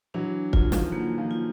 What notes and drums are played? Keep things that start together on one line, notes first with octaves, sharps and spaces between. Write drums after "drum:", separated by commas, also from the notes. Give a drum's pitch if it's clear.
E3 F#3 D4
D3 E3 F4, drum: kick
D#3 F3, drum: snare
D3 E3 A#3
D#3 F3
F4